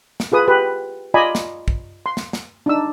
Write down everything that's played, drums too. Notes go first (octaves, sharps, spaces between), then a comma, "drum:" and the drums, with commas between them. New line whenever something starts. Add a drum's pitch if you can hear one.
drum: snare
F4 G#4 B4 D#6
G4 B4
F4 D5 D#5 G#5 B5
drum: snare
drum: kick
C6
drum: snare
drum: snare
D4 D#4 E6